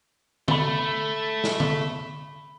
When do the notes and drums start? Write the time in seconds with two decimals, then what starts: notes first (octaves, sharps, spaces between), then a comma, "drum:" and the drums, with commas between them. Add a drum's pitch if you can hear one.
0.48 A3 B5 G7, drum: tom D3
1.44 drum: snare
1.60 drum: tom D3